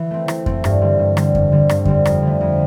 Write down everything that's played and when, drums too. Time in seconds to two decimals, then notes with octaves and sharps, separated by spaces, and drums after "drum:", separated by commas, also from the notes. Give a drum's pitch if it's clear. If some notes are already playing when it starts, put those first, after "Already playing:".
Already playing: E3
0.11 A3 C4
0.28 E3, drum: rim click
0.46 A3 C4, drum: kick F2
0.64 G2, drum: rim click
0.81 D3 G3 C4
0.99 G2
1.17 D3 G3 C4, drum: rim click
1.35 G2, drum: kick F2
1.52 D3 G3 C4
1.69 G2, drum: rim click
1.85 D3 G3 C4, drum: kick F2
2.05 F2, drum: rim click
2.23 D3 A3
2.41 F2